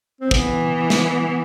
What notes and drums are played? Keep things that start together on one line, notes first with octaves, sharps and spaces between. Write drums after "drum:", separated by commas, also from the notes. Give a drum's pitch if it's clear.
C4
E3 B3, drum: kick
drum: snare